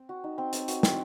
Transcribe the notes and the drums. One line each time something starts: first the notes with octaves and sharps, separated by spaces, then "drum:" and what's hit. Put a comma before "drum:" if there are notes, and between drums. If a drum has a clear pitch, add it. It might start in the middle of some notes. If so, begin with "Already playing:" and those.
Already playing: C4
F#4
D#4
C4
C4, drum: hi-hat
F#4, drum: hi-hat
C4, drum: snare